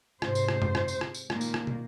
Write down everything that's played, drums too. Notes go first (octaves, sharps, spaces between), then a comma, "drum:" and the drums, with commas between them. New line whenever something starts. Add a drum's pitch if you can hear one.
G#2 C3 C5, drum: rim click
drum: tambourine
drum: rim click
drum: tom F#2
drum: rim click
drum: tambourine
drum: rim click
drum: tambourine
A#2 D#3 A#3, drum: rim click
drum: tambourine
drum: rim click
drum: tom